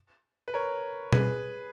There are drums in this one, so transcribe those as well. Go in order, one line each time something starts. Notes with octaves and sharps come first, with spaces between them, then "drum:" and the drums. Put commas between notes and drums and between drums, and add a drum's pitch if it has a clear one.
B4
A#4 C#5
G#4 B4, drum: tom B2